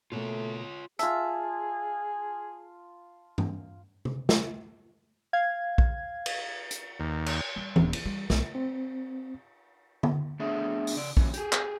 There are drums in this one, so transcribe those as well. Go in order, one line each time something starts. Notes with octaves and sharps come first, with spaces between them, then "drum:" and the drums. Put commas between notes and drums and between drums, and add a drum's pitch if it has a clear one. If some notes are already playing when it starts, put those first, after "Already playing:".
B2 A3 A#3 F4 C#5
F4 G#4 E5 A5, drum: hi-hat
drum: tom G2
drum: tom C3
drum: snare
F5 G#6
drum: kick
drum: cymbal
drum: hi-hat
D#2
drum: cymbal
G3
D#1, drum: tom E3
E4, drum: cymbal
G3
B1, drum: snare
C4
drum: tom D3
A3 B3 D4 G#4 C#5 E5
drum: open hi-hat
C#3 D5
F#2 A#2 E3 C#4, drum: kick
G4 G#4, drum: hi-hat
drum: clap